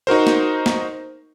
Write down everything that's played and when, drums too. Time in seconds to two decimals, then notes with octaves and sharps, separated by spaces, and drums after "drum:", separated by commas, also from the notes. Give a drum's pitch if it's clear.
0.07 D#4 F#4 A#4 C5
0.27 drum: snare
0.66 drum: snare